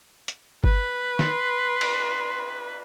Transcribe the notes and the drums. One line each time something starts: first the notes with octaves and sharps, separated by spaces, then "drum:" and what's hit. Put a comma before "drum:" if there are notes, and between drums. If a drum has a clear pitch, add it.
drum: hi-hat
B4, drum: kick G1
C6, drum: snare
drum: cymbal